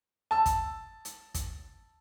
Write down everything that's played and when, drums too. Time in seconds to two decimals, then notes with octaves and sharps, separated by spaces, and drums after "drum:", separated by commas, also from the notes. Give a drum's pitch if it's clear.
0.31 A5 E6
0.46 drum: kick, hi-hat
1.05 drum: hi-hat
1.34 drum: kick, hi-hat